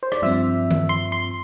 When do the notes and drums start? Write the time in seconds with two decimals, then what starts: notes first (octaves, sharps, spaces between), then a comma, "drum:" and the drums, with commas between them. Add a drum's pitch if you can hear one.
0.03 C5
0.12 D5, drum: rim click
0.22 G2 F3 C4 E5
0.71 drum: tom D#3
0.89 C6
1.12 C6